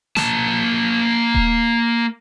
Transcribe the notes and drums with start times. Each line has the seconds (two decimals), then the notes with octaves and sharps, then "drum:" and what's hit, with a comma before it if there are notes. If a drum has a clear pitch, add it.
0.16 A#3 A5, drum: snare
1.34 drum: kick D#1